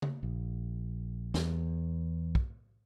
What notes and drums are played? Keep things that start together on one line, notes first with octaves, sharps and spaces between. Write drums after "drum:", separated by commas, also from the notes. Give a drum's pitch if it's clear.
drum: tom C#3
A#1
E2, drum: snare
drum: kick